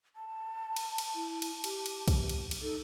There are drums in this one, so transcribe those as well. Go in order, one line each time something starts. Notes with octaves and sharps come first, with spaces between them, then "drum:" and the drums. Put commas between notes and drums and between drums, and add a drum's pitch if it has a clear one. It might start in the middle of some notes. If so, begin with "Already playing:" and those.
A5
drum: cymbal
drum: cymbal
E4
drum: cymbal
G4, drum: cymbal
drum: cymbal
drum: kick, cymbal
drum: cymbal
drum: cymbal
D#4 A4